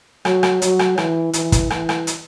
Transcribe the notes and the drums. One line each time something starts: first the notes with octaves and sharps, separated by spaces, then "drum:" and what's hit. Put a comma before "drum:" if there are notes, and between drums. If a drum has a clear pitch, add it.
F#3, drum: rim click
drum: rim click
F#3, drum: hi-hat
drum: rim click
E3, drum: rim click
E3, drum: hi-hat
drum: kick, hi-hat
E3, drum: rim click
drum: rim click
drum: hi-hat